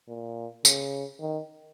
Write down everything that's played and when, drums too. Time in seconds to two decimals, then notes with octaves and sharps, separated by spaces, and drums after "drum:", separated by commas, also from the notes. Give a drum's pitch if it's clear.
0.08 A#2
0.65 C#3, drum: tambourine
1.20 D#3